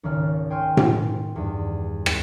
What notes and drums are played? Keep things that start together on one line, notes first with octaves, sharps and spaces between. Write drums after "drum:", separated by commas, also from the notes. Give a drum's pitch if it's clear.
G#1 C#2 D#3 F6
G5 G#5 C6 C#6 F6
drum: tom A2
E2 G2
drum: rim click